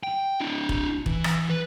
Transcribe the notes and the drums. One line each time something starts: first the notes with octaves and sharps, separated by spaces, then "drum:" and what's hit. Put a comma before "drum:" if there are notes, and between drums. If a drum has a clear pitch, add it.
G5
D4 E4
drum: kick
E3, drum: kick
drum: rim click
B4